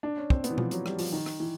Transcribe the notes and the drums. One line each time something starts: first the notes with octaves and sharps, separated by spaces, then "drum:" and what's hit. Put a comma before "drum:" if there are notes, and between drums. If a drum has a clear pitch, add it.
D4
C#4
C4, drum: kick
B3, drum: hi-hat
E3
F3, drum: tom B2
F#3, drum: hi-hat
G3, drum: rim click
F3, drum: open hi-hat
D#3
drum: rim click
E3